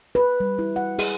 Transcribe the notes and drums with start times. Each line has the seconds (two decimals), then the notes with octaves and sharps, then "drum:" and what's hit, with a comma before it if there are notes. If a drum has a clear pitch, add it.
0.15 B4
0.40 G3
0.59 E4
0.76 F#5
0.99 G#4, drum: open hi-hat